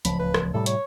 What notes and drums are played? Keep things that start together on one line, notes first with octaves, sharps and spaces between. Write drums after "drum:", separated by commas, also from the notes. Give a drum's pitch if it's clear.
D1 C#2 F3 B5, drum: hi-hat
B4
drum: rim click
A2 C3 G3 A4
C#5, drum: hi-hat